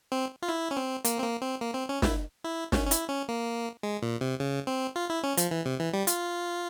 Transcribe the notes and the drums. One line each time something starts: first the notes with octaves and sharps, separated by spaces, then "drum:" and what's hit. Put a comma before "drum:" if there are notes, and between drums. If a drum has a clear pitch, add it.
C4
F4
E4
C#4
C4
A#3, drum: hi-hat
C4
A#3
C4
A#3
C4
C#4
E4, drum: snare
E4
C#4, drum: snare
C#4
E4, drum: hi-hat
C#4
A#3
G#3
A#2
C3
C#3
C4
F4
E4
C#4
F3, drum: hi-hat
E3
C3
E3
G3
F4, drum: hi-hat